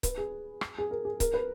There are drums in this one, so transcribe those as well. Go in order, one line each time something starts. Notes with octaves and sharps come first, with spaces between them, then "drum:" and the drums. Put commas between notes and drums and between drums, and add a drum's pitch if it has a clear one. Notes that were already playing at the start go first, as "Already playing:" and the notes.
B4, drum: kick C#1, hi-hat
G#4
drum: rim click
G#4
A#4
G#4
A#4, drum: kick C#1, hi-hat
B4